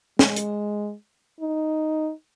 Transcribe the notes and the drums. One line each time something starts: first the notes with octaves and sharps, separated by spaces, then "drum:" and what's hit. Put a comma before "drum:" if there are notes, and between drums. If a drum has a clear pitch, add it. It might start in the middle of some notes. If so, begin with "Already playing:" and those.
G#3, drum: snare
drum: hi-hat
D#4